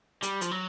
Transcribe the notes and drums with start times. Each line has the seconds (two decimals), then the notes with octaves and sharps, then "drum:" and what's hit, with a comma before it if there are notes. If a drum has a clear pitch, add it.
0.22 G3, drum: hi-hat
0.41 F3, drum: hi-hat
0.51 F#3